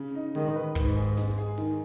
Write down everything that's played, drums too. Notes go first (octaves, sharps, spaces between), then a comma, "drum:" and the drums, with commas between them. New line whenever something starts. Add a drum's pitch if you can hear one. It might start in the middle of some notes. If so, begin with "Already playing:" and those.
Already playing: C#3
D#4
D#3 G#3, drum: hi-hat
B4
G#2 D#3, drum: kick, open hi-hat
G#4
G#3, drum: snare
G#4
D#3, drum: hi-hat